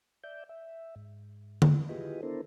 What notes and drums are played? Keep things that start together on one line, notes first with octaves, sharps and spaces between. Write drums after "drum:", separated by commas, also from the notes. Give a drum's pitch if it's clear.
D5 E5 G6
E5
G#2
drum: tom D3
E4 F4 G4 G#4 B4 D#5
B3 D4 E4 A4 A#4 C5